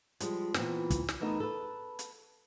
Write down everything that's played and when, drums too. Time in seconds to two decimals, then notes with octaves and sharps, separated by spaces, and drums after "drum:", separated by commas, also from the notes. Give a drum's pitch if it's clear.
0.20 F3 G3 G#3, drum: hi-hat
0.54 A#2 E3 B3 C4, drum: snare
0.90 drum: kick, hi-hat
1.09 drum: snare
1.20 E3 A3 B3 D#4 A#4
1.40 A4 B4
1.99 drum: hi-hat